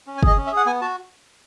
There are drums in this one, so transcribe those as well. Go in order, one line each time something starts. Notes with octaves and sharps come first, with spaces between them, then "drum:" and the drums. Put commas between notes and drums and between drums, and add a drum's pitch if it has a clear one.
C#4
G#5
G#4 D#5, drum: kick
C#4
E5
G#4 F#5
B3 G#5
F#4 A5